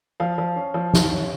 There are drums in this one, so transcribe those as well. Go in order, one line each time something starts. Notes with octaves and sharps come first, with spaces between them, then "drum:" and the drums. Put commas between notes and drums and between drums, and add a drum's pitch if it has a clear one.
F3 F5
F3
C#4
F3
D#3, drum: snare
C#4